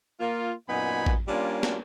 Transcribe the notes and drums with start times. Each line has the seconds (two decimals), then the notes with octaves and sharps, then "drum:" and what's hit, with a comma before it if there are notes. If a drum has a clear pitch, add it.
0.20 A#3 F4
0.69 F#2 A#2 B3 D#4 G#5 B5
1.06 drum: kick A1
1.28 G3 A#3 C#4 D4 F4
1.63 drum: snare